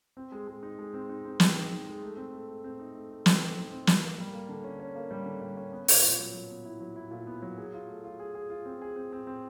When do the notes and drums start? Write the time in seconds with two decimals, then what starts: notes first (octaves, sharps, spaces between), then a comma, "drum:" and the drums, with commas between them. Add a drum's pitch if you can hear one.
0.17 C4
0.32 G#3
0.47 G#3
0.63 D#4
0.79 G#3
0.94 C4
1.09 D#4
1.25 C4
1.40 C4, drum: snare
1.56 D#4
1.71 D#4
1.87 G#3
2.02 A3
2.17 C4
2.32 A3
2.48 A3
2.64 C4
2.79 D#4
2.95 A3
3.10 A3
3.26 C4, drum: snare
3.41 A3
3.57 D#4
3.72 C4
3.87 G3, drum: snare
4.03 A#3
4.18 G3
4.34 A#3
4.49 D3
4.64 C#4
4.80 C#4
4.95 A#3
5.11 G3
5.26 D3
5.42 G3
5.57 C#4
5.72 B3
5.88 A#2, drum: open hi-hat
6.03 A#2
6.19 F#3
6.34 F#3
6.50 B3
6.65 E4
6.80 F#3
6.96 E4
7.11 A#2
7.27 B3
7.42 F#3
7.58 G#4
7.73 F4
7.88 A3
8.04 F4
8.19 G#4
8.35 G#4
8.50 F4
8.65 C4
8.81 G#4
8.96 C4
9.12 C4
9.27 C4